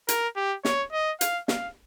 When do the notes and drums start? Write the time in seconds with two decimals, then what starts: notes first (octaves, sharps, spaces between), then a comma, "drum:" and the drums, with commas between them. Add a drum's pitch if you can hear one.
0.09 A#4, drum: hi-hat
0.36 G4
0.65 C#5, drum: snare
0.93 D#5
1.21 F5, drum: hi-hat
1.48 F5, drum: snare